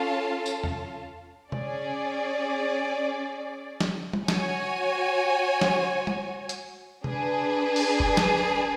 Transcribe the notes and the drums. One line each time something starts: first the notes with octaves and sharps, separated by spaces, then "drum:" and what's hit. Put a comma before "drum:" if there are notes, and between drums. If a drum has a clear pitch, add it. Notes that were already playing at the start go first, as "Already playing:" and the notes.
Already playing: C#4 F4 A4 F5 A5
drum: tambourine
drum: tom E2
C#4 G#4 D5, drum: tom C3
drum: snare
drum: tom
F#4 C#5 G#5, drum: snare
drum: snare
drum: tom
drum: hi-hat
D4 G#4 B4, drum: tom C3
drum: open hi-hat
drum: kick
drum: snare